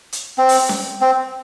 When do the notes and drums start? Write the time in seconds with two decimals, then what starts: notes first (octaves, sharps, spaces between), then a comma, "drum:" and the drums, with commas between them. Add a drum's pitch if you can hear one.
0.12 drum: hi-hat
0.38 C4
0.49 drum: open hi-hat
0.69 drum: snare C#4
1.01 C4